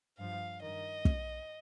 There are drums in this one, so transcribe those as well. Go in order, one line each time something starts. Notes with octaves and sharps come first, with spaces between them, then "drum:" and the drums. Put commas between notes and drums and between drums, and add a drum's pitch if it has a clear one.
G2 F3 F5
G2 D#3 D#5
drum: kick